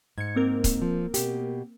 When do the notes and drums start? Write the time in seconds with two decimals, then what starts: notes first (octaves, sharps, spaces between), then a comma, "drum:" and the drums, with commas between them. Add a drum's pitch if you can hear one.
0.18 G#2 G#6 C#7
0.35 A#3 C4 A#4
0.64 drum: kick C#1, hi-hat
0.82 F3
1.14 B2 G4, drum: hi-hat